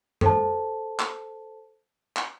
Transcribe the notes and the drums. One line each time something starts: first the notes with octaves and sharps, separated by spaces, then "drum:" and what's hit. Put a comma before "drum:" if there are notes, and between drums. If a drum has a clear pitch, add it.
A4 C5 A5, drum: tom
drum: clap
drum: clap